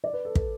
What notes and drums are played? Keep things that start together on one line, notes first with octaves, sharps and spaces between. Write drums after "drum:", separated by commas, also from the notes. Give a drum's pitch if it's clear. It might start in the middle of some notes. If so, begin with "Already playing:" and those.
D5
B4
A4
A4, drum: kick